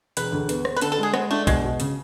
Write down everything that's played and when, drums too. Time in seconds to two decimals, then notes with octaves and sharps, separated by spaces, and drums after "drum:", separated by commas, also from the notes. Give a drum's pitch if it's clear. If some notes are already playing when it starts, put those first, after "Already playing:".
0.17 E1 B4, drum: hi-hat
0.32 D2
0.49 B3, drum: hi-hat
0.65 B3, drum: rim click
0.76 B4
0.81 D3 A4, drum: hi-hat
0.92 A4
0.98 G#3 G#4
1.14 G#3 B3, drum: rim click
1.31 A3 D4
1.47 B2 G#3, drum: kick B1, hi-hat
1.63 B2
1.80 C#3, drum: hi-hat